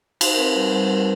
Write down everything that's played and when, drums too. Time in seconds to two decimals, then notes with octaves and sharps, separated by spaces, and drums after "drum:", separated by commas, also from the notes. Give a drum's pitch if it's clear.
0.21 D#4 C5, drum: cymbal
0.33 A#4
0.38 C4 B4
0.55 G3 A#4
0.72 G3 C5
0.89 G3 A#4